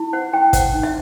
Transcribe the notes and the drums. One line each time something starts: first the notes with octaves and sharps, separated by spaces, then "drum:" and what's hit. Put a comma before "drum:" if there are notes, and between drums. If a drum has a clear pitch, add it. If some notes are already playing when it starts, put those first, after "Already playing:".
Already playing: E4
C5 F#5
E4 G5
C5 F#5, drum: kick, hi-hat
D#4
E5